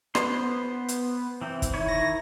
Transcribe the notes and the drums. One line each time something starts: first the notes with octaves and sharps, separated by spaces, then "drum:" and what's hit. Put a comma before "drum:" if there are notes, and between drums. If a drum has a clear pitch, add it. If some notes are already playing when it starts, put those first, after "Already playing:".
B3 C5 C6, drum: rim click
drum: hi-hat
E3 C4
drum: kick, hi-hat
D#3 E4 C#5
A#6